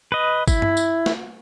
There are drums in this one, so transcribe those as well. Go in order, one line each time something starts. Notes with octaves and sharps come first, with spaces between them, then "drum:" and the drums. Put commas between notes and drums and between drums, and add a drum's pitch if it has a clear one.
B4 D#5
E4, drum: kick, tambourine
drum: tom G2
drum: tambourine
drum: snare